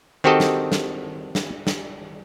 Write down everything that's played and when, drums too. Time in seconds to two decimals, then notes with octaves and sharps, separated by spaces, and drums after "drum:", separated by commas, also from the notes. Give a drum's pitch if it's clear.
0.24 D#3 C4 F#4 G4 A4 D#5
0.40 drum: snare
0.72 drum: snare
1.35 drum: snare
1.67 drum: snare